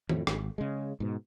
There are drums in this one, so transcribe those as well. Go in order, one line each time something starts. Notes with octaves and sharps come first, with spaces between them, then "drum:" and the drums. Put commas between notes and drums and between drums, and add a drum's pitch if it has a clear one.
F2 A2, drum: tom D#3
G#1, drum: rim click
C#3 G#3
G#2 B2